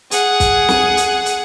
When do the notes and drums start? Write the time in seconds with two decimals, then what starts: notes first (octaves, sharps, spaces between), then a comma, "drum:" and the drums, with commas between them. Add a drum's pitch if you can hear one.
0.11 G#4 F#5, drum: hi-hat
0.40 drum: kick, hi-hat
0.69 drum: snare
0.97 drum: hi-hat
1.26 drum: hi-hat